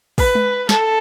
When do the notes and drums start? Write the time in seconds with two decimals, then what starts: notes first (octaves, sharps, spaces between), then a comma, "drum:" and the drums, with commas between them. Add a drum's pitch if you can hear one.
0.18 B4, drum: kick, open hi-hat
0.35 drum: tom G#3
0.69 A4, drum: snare